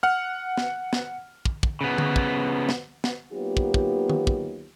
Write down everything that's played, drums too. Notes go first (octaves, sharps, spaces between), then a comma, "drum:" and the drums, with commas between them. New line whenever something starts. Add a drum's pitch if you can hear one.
F#5 F6
drum: snare
drum: snare
drum: kick
drum: kick
C#3 B3
drum: tom D3
drum: kick
drum: snare
drum: snare
F#3 A#3 B3 D#4 F4 G4
drum: kick
drum: kick
drum: tom D#3
drum: kick